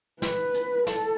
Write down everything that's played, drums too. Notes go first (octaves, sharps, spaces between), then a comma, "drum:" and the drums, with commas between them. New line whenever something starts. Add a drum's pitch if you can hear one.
B4, drum: snare
drum: hi-hat
A4, drum: snare